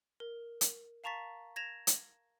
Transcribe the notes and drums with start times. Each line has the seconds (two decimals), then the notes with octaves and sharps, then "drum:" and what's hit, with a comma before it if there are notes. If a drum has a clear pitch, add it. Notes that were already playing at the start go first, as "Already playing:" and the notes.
0.20 A#4
0.61 drum: hi-hat
1.04 F5 A5 A#5 C#6 A6 B6
1.56 G#6 A#6 E7 F7
1.87 drum: hi-hat